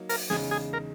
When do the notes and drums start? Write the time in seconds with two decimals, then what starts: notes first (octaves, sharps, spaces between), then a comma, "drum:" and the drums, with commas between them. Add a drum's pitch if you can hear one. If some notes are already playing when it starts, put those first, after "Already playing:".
Already playing: F#3 A#3 D#4
0.09 A#4, drum: open hi-hat
0.30 E2 C#3 G#3 D#4 G#4, drum: snare
0.51 G#4
0.73 A#4